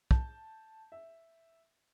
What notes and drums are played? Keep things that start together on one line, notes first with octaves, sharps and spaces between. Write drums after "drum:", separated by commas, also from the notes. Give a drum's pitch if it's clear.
A5 G6, drum: kick
E5